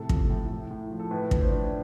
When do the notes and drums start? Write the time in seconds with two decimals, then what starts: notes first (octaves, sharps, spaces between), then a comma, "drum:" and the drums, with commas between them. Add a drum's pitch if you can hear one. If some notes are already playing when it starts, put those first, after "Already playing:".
Already playing: A2 C3 A4
0.09 F3, drum: kick
0.30 A2
0.50 A2
0.71 A2
0.90 F3
0.99 A4
1.11 A2 B4
1.31 D4, drum: kick
1.42 C5
1.52 D4